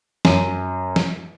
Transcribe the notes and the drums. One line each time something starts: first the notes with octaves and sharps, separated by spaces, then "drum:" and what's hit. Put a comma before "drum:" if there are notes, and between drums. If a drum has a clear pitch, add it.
F#2 D#7, drum: snare
drum: snare